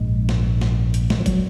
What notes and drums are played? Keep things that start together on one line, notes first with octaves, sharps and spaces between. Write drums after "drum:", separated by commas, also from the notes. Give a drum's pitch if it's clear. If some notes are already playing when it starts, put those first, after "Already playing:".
Already playing: A#1 G#2 G#3
drum: snare
drum: snare
drum: hi-hat
G#3, drum: snare
F3
F#3, drum: kick G1, hi-hat